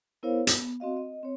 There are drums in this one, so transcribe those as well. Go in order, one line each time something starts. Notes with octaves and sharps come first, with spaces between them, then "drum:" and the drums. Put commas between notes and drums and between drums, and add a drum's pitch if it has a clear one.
B3 E4 A#4 C5 C#5 F5
B3, drum: hi-hat
C4 F#4 D#5 F5
D#5
C4 C#5